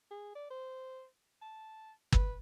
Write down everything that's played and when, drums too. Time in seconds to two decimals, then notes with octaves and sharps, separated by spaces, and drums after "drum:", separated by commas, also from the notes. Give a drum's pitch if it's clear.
0.11 G#4
0.35 D5
0.50 C5
1.42 A5
2.12 B4, drum: kick